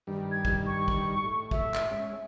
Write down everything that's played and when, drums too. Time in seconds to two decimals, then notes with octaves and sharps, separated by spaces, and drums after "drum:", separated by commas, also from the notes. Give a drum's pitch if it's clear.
0.07 G2 D#3 G3
0.32 G#6
0.45 drum: kick
0.66 C#6
0.88 drum: kick
1.24 A2
1.51 E5, drum: kick
1.74 drum: clap
1.91 G#3 C#4